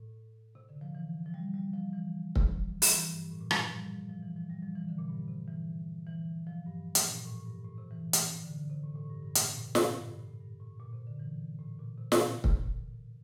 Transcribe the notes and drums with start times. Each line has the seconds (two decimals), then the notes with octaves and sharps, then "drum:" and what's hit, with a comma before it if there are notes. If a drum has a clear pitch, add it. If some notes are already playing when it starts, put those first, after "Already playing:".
Already playing: A2
0.55 C3
0.69 D3
0.81 F3
0.95 E3
1.26 F3
1.34 G3
1.54 G3
1.74 F3
1.93 E3
2.36 drum: kick C#1
2.82 drum: open hi-hat
2.92 E3
3.11 G2
3.31 A2
3.41 A#2
3.51 G2, drum: rim click
3.61 F3
3.70 G3
4.10 F3
4.23 E3
4.36 F3
4.50 G3
4.62 F3
4.76 E3
4.88 D3
4.98 A#2
5.09 G2
5.28 C3
5.48 E3
6.07 E3
6.47 F3
6.66 G2
6.95 drum: hi-hat
7.06 A#2
7.25 A2
7.45 G2
7.64 A2
7.78 C3
7.91 E3
8.13 drum: hi-hat
8.44 D3
8.57 D3
8.70 C3
8.83 A2
8.96 A2
9.10 G2
9.23 G2
9.35 A2, drum: hi-hat
9.49 A#2
9.62 C3
9.75 C3, drum: snare
9.89 A2
10.01 G2
10.14 A2
10.28 A2
10.40 G2
10.60 A2
10.80 A#2
10.93 C3
11.07 D3
11.19 E3
11.59 A2
11.79 A#2
11.98 C3
12.12 A#2, drum: snare
12.25 A2
12.44 drum: kick C#1